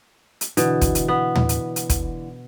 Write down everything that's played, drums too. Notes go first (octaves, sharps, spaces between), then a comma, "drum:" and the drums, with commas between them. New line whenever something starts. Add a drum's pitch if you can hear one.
drum: hi-hat
B2 D3 E3, drum: hi-hat
drum: kick, hi-hat
drum: hi-hat
B3
drum: tom
drum: hi-hat
drum: hi-hat
drum: kick, hi-hat